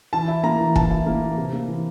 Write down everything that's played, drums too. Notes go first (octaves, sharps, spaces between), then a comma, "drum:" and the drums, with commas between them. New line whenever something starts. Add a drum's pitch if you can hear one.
E3 A5
E4
A#3 A#5
E3
E3 A5, drum: kick
E4
A#3
E3
C3
A#3
E3